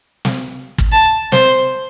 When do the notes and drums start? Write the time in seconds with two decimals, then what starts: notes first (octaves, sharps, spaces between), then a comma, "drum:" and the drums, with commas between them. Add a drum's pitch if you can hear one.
0.25 drum: snare
0.78 drum: kick
0.92 A5
1.32 C5, drum: snare